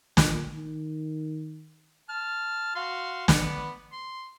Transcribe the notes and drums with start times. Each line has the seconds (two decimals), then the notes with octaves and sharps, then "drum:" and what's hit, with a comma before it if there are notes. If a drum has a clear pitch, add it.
0.17 A#2, drum: snare
0.54 D#3
2.09 A5 F6
2.75 F#4 F5 C6
3.28 B3 B4 D5, drum: snare
3.93 C6